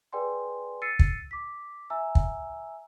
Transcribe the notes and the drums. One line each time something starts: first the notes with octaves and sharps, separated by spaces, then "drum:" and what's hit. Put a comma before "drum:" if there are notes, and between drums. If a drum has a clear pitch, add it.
G#4 B4 D5 G5 G#5 C6
E6 A6 C7 C#7 D#7
drum: kick
D6 B6
E5 G#5 A#5 E6
drum: kick